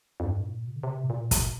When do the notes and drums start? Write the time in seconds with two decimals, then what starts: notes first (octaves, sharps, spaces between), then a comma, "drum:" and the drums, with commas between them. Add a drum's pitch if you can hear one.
0.20 F2
0.26 G2
0.40 A2
0.46 A#2
0.67 C3
0.76 D3
0.83 C3
1.03 A2
1.10 A#2
1.31 drum: kick, hi-hat